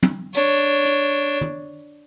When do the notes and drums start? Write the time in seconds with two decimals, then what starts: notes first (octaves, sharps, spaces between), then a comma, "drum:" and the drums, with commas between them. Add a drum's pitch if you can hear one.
0.03 drum: tom
0.34 D4 C#5, drum: tambourine
0.85 drum: hi-hat
1.41 drum: tom